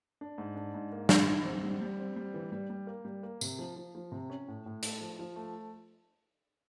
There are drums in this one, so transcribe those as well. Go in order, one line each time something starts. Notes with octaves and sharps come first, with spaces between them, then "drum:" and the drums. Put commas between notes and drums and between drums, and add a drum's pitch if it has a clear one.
D4
G#2
D4
G#2
A#3
G#2, drum: snare
G#2
C4
G3
G3
C4
G3
E3
G3
G3
A#3
G3
A#3
C3, drum: tambourine
F3
F3
F3
C3
C#4
A2
A2
A3, drum: hi-hat
F3
F3
A3